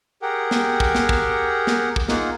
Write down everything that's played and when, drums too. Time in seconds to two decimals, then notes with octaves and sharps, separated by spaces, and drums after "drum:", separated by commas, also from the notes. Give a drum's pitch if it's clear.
0.22 G4 G#4 A#4 F#5 G5
0.51 drum: snare
0.80 drum: kick
0.95 drum: snare
1.09 drum: kick
1.67 drum: snare
1.96 drum: kick
2.08 A#3 D#4 F4 G#4 F#5, drum: snare